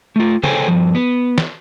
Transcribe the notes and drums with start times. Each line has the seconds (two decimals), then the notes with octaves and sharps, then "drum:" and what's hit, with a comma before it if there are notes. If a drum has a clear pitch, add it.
0.16 A3 F4
0.43 G#4 A4 C5 C#5 G5 G#5, drum: tom C#3
0.68 G2 F3
0.95 B3
1.38 drum: snare